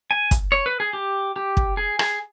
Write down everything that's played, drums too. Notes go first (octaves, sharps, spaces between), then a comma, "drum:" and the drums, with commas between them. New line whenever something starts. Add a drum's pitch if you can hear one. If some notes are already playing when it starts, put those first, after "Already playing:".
G#5
drum: kick, hi-hat
C#5
B4
G#4
G4
G4
drum: kick
G#4
G#4, drum: rim click